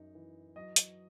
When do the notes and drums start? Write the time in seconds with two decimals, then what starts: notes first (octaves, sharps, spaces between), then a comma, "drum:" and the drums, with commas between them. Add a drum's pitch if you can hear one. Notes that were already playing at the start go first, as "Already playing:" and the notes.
Already playing: F#2 D#4
0.15 E3
0.56 F#3 D#5
0.76 drum: hi-hat